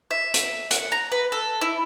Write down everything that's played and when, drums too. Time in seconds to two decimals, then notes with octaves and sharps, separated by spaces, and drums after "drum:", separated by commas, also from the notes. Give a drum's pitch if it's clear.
0.11 E5
0.34 drum: hi-hat
0.71 F#5, drum: hi-hat
0.92 A#5
1.12 B4
1.32 A4
1.61 E4